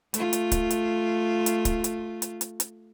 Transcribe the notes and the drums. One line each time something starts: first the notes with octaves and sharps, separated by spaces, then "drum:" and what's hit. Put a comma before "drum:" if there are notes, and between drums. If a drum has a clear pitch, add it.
A3 F4, drum: hi-hat
drum: hi-hat
drum: kick, hi-hat
drum: hi-hat
drum: hi-hat
drum: kick, hi-hat
drum: hi-hat
drum: hi-hat
drum: hi-hat
drum: hi-hat